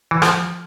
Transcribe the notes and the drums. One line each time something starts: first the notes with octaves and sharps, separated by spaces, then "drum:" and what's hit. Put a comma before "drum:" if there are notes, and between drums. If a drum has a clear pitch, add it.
E3
F3, drum: rim click